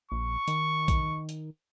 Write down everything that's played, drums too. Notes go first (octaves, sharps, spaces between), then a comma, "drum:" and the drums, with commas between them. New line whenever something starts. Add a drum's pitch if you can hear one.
A#1 C#6
D#3, drum: hi-hat
drum: kick A#1, hi-hat
drum: hi-hat